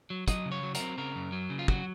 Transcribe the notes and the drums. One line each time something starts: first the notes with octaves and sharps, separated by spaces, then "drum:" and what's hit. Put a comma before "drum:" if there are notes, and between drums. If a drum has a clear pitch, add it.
F#3
F#3 D#5, drum: kick, hi-hat
C#3
C#5
F#3
A#4, drum: hi-hat
C4
C#3 A#4
F#2
F#3
C#3
F4
F#3 F#4, drum: kick